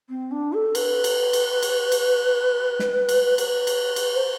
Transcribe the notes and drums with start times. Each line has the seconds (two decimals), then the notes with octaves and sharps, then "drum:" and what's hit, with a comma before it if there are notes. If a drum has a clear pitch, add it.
0.09 C4
0.31 D4
0.53 A4
0.75 B4, drum: cymbal
1.04 drum: cymbal
1.33 drum: cymbal
1.63 drum: cymbal
1.92 drum: cymbal
2.79 drum: snare
3.09 drum: cymbal
3.38 B4, drum: cymbal
3.67 drum: cymbal
3.96 drum: cymbal
4.15 C5